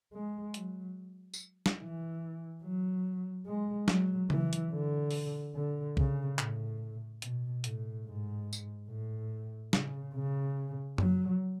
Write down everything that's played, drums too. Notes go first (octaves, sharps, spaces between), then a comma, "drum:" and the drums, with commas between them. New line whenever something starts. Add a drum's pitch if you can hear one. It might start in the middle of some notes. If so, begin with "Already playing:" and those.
G#3
F#3, drum: hi-hat
drum: tambourine
drum: snare
E3
F#3
G#3
F#3, drum: snare
E3, drum: tom C#3
drum: hi-hat
D3
drum: open hi-hat
D3
C#3, drum: kick
A2, drum: clap
B2, drum: hi-hat
A2, drum: hi-hat
G#2
drum: tambourine
A2
C#3, drum: snare
C#3
F#3, drum: tom F#2